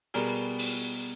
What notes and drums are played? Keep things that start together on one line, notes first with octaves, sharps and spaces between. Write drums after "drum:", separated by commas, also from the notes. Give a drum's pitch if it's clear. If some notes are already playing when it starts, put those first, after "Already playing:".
B2 G3 B3 G#4 A#4, drum: open hi-hat
drum: open hi-hat